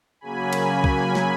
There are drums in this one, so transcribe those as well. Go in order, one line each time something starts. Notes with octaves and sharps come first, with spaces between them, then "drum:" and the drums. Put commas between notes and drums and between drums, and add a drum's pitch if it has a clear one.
C#3 F#3 A#3 G#5 B5
drum: cymbal
drum: kick C2
drum: snare